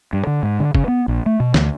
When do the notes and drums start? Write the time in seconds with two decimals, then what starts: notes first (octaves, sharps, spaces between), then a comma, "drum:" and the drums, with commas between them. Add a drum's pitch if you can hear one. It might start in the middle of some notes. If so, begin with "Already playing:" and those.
0.13 G2
0.27 D3
0.43 G#2
0.60 D3
0.75 C#3, drum: kick
0.88 B3
1.08 A#1
1.26 A3
1.40 B2
1.54 D2, drum: snare